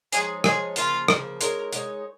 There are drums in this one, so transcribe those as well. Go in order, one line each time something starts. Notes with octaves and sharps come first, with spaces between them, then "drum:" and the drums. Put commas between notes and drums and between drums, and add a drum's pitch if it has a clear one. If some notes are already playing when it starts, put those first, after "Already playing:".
F3 G#3 D#4 G#4 C#5, drum: hi-hat
F3 G#3 D#4 G#4 C#5, drum: rim click
C#3 F3 A#3 F4, drum: hi-hat
C#3 F3 A#3, drum: rim click
G#3 D#4 A#4 C#5, drum: hi-hat
G#3 D#4 C#5, drum: hi-hat